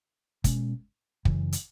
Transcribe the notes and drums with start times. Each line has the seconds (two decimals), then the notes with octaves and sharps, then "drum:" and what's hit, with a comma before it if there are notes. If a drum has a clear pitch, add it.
0.44 B2 G#3 C#4, drum: kick, hi-hat
1.25 F#2 C#3 E3, drum: kick
1.52 drum: hi-hat